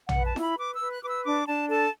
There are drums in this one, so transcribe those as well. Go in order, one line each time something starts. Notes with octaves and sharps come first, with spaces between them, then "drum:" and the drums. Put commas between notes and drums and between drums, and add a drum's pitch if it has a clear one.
F#5, drum: tom
B4
A5
E4, drum: snare
B5
B4 D6
E6
B4
F#6
B4 D6
E6
D4 D6
D4 A5
A4 A5